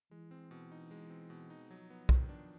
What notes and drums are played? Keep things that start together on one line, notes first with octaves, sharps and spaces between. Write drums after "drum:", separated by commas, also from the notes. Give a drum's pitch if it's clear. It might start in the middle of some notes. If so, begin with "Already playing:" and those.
E3 G#3
C4
B2
D#4
G#3
C4
B2
D#4
F3 F#3
B3
D#3, drum: kick B1
D4